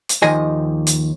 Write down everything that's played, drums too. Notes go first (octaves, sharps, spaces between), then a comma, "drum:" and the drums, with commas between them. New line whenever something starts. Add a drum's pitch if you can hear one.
drum: hi-hat
D#2 D#3 F3 D#5 G#5
drum: hi-hat